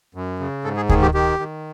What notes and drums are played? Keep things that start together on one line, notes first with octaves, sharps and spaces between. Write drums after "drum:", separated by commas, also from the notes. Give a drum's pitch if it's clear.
F#2
C#3
G#2 A4
G#4
D#3 G#4, drum: kick D2
G4
D#3 G4
D#3